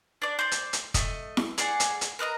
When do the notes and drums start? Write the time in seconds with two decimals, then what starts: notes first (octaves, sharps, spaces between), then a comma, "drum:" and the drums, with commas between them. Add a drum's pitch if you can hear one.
0.22 D4 D5
0.39 C5 D5
0.52 drum: hi-hat
0.73 drum: hi-hat
0.94 A3 D#5, drum: kick, hi-hat
1.37 drum: snare E4
1.58 G#4 D5 F#5, drum: hi-hat
1.80 drum: hi-hat
2.01 drum: hi-hat
2.19 A#4 B4 D#5 A#5